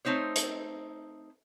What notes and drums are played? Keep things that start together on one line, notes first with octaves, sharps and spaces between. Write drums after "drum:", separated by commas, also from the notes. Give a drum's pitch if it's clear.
A3 C4 D#4 C5 C#5
drum: hi-hat